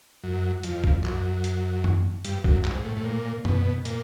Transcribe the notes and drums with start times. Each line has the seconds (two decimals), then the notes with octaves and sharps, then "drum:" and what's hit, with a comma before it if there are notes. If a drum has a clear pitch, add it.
0.24 F#2
0.63 F2, drum: hi-hat
0.84 drum: kick
1.04 F#2, drum: clap
1.44 drum: hi-hat
1.84 drum: tom F#2
2.25 G2, drum: hi-hat
2.44 F#2, drum: kick
2.65 G#2, drum: clap
2.85 A2
2.97 A2
3.05 A#2
3.45 B2, drum: tom F#2
3.85 A#2, drum: hi-hat